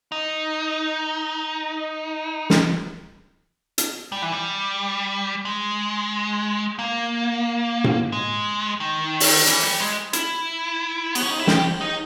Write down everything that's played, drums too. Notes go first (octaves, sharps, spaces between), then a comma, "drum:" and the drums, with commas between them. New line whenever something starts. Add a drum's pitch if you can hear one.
D#4
drum: snare
drum: hi-hat
G3
E3
G3
G#3
A#3
drum: tom A2
G#3
D#3
drum: open hi-hat
E3, drum: hi-hat
G3
G#3
E4, drum: hi-hat
B3, drum: cymbal
C#4
D#4
E4
G4, drum: snare
D#4